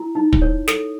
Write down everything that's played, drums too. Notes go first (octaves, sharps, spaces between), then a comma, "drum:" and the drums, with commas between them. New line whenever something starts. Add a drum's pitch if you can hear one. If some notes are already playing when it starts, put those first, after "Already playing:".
Already playing: E4
D#4
drum: kick
C#5
A4, drum: snare